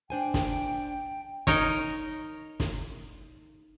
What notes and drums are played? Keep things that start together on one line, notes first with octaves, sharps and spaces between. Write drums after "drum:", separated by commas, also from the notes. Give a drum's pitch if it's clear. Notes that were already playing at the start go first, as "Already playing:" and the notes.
D4 C5 G5 G#5
drum: snare
D#4 A#4 C#5, drum: snare
drum: snare